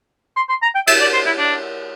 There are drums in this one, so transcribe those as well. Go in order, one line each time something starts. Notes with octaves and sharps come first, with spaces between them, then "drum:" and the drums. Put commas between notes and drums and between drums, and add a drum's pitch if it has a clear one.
C6
C6
A#5
G5
E5, drum: cymbal
D5
C5
E4
D4